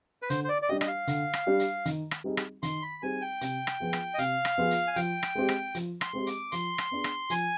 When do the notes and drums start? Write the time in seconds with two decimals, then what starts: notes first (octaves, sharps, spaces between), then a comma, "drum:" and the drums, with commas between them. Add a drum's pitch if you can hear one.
0.22 B4
0.30 D3 C5, drum: hi-hat
0.44 C5
0.49 D5
0.62 D5
0.69 G3 D4 G4 D#5
0.81 D#5, drum: rim click
0.87 F5
1.07 D3, drum: hi-hat
1.33 drum: rim click
1.47 G3 D4 G4
1.59 drum: hi-hat
1.85 D#3, drum: hi-hat
2.11 drum: rim click
2.24 G3 C4 D#4 G#4
2.37 drum: rim click
2.63 D#3 C6, drum: hi-hat
2.82 B5
3.03 G3 C4 D#4 G#4 G#5
3.22 G5
3.41 C3, drum: hi-hat
3.67 drum: rim click
3.80 F3 B3 F4 G#4
3.93 drum: rim click
4.14 D#5
4.18 C3 F5, drum: hi-hat
4.45 drum: rim click
4.58 F3 B3 F4 G#4
4.71 drum: hi-hat
4.87 G#5
4.96 F3 G5, drum: hi-hat
5.23 drum: rim click
5.35 G#3 C4 G4
5.49 drum: rim click
5.75 F3, drum: hi-hat
6.01 C6, drum: rim click
6.13 G#3 C4 G4
6.27 D6, drum: hi-hat
6.52 F3 C6, drum: hi-hat
6.78 drum: rim click
6.91 B3 D4 G#4
7.04 drum: rim click
7.30 F3 G#5, drum: hi-hat